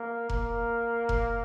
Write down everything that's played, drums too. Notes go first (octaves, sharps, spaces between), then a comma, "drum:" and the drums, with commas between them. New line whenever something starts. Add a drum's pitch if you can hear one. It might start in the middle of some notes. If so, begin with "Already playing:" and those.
Already playing: A#3
A#3, drum: kick F1
drum: kick F1